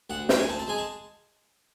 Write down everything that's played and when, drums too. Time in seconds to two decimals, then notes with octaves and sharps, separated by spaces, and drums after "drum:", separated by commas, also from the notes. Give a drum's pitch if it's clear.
0.10 D2 F#5
0.29 D2 G5, drum: snare
0.39 G#5
0.48 C4 A5
0.59 A5
0.68 G#3 G#5
0.78 A5